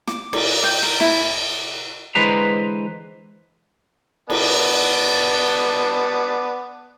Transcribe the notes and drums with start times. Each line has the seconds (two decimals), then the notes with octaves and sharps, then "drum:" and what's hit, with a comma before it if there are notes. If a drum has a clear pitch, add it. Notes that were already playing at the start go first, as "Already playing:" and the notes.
0.08 D6, drum: snare
0.33 D5, drum: cymbal
0.64 G5
0.83 A#4
1.00 E4, drum: snare
2.15 D3 E3 G#3 B4 C5 A#5
4.30 B3 D5 A5, drum: cymbal